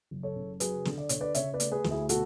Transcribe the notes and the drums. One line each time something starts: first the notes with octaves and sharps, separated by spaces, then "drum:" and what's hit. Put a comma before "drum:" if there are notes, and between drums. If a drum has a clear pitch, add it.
F#1
A4 C#5
C#3
F#3 G#4 B4, drum: hi-hat
D3, drum: snare
D5
D3 C#5, drum: hi-hat
B4 D5
C#3 C#5 E5, drum: hi-hat
B4 D5
A3, drum: hi-hat
G#4 B4
D2, drum: snare
E4 G#4
B2 F#4 A4, drum: hi-hat